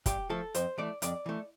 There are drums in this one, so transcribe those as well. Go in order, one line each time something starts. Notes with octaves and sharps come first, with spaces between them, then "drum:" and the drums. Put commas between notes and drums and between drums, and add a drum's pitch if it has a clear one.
G2 G4, drum: kick, hi-hat
F3 A3 A4
F2 C5, drum: hi-hat
E3 A3 D5
F2 D5, drum: hi-hat
E3 A3